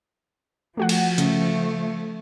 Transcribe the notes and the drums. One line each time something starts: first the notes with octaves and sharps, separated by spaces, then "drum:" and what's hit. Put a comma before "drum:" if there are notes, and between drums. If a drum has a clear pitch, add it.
F3 A3 F#4 F#5
drum: cymbal
C#3 A3, drum: hi-hat